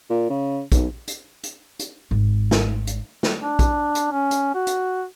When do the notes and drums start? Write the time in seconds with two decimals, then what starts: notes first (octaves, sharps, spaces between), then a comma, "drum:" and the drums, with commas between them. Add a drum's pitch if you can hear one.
0.10 A#2
0.30 C#3
0.72 B1, drum: kick A#1, hi-hat
1.08 drum: hi-hat
1.43 drum: hi-hat
1.79 drum: hi-hat
2.11 G#1
2.51 drum: snare
2.87 drum: hi-hat
3.23 drum: snare
3.39 D4
3.59 drum: kick A#1, hi-hat
3.95 drum: hi-hat
4.11 C#4
4.31 drum: hi-hat
4.54 F#4
4.67 drum: hi-hat